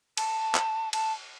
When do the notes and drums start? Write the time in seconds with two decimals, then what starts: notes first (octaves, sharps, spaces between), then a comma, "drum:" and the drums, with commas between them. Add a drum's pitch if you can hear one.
0.17 A5, drum: cymbal
0.55 drum: clap
0.93 A5, drum: cymbal